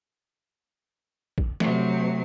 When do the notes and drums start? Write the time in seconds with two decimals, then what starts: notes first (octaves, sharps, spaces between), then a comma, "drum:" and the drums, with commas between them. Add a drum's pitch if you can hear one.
1.38 drum: kick
1.60 C3 F#3 A3, drum: snare